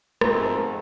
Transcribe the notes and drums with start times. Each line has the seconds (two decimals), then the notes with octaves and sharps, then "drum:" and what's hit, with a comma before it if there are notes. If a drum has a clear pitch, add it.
0.21 F2 G#2 B2 G#3 A3 A#5, drum: rim click